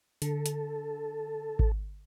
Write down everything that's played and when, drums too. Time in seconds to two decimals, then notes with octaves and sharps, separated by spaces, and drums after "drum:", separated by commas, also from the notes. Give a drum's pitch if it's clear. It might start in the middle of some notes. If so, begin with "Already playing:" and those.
0.22 D3 A4, drum: hi-hat
0.46 drum: hi-hat
1.59 drum: kick G#1